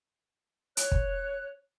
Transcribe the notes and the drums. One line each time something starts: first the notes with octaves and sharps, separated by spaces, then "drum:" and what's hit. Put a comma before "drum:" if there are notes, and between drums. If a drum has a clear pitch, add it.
C#5 F#6, drum: hi-hat
drum: kick